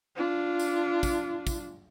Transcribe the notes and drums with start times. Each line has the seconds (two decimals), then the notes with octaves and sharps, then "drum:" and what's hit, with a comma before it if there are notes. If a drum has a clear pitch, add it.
0.16 D4 F4
0.59 drum: tambourine
1.03 drum: kick, tambourine
1.47 drum: kick, tambourine